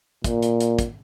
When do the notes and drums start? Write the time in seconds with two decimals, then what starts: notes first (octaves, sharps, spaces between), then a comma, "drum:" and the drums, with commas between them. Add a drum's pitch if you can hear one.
0.24 A#2, drum: kick, hi-hat
0.42 drum: hi-hat
0.61 drum: hi-hat
0.79 drum: kick, hi-hat